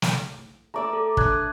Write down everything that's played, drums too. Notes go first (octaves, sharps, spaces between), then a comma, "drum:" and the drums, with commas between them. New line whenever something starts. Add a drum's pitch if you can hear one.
drum: snare
A3 D5 A#5 D6 E6
A4
D4 A5 D#6 F#6 G#6, drum: kick